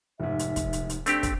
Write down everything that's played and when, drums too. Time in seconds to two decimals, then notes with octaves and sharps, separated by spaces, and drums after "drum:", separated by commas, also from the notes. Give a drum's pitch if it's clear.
0.20 F1 G#2 E5
0.39 drum: hi-hat
0.56 drum: kick, hi-hat
0.73 drum: hi-hat
0.90 drum: hi-hat
1.06 A3 C4 D4 G4, drum: hi-hat
1.23 drum: kick, hi-hat